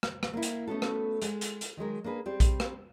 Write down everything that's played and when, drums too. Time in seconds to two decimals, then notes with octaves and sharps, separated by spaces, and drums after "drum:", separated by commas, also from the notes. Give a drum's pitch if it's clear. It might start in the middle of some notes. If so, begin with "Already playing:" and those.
0.03 drum: rim click
0.23 drum: rim click
0.33 A#3 E4
0.43 drum: hi-hat
0.67 A3 B3 C#4 F#4 A4
0.82 drum: rim click
1.22 G#3, drum: hi-hat
1.41 drum: hi-hat
1.61 drum: hi-hat
1.77 D#3 F#3 G#3 A#4
2.04 A#3 D4 G#4 B4
2.26 G3 C4 G4 D5
2.40 drum: kick A#1, hi-hat
2.60 drum: rim click